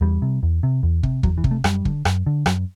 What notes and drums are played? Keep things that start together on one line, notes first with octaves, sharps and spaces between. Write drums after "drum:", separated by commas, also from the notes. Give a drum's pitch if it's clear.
E2 G3
C3
E2
C3
E2
C3, drum: kick
E2 F#3, drum: kick
E3
C3, drum: kick
A3
F#2 G3, drum: rim click
D3, drum: kick
F#2, drum: rim click
D3
F#2 F#3, drum: rim click